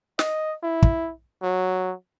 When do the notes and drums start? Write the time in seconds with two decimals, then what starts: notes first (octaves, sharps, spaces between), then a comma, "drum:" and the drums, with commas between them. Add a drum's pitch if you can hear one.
0.19 D#5, drum: snare
0.63 E4
0.82 drum: kick
1.42 F#3